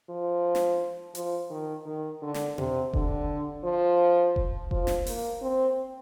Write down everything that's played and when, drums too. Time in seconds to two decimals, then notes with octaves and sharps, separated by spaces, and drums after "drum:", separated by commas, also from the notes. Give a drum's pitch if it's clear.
0.09 F3
0.55 drum: snare
1.15 F3, drum: hi-hat
1.50 D#3
1.86 D#3
2.22 D3
2.34 drum: snare
2.58 C3, drum: tom B2
2.93 D3, drum: kick F1
3.64 F3
4.36 drum: kick F1
4.71 F3, drum: kick F1
4.87 drum: snare
5.07 A#3, drum: open hi-hat
5.42 C4